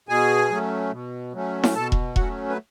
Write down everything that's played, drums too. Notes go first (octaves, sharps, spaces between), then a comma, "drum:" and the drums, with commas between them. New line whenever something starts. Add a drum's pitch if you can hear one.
B2 G#4 G#5
F#3 A3 C#4
B2
F#3 A3 C#4
drum: snare E4
B2 A4 A5
drum: kick E1
F#3 A3 C#4 F#4 F#5, drum: kick E1
B4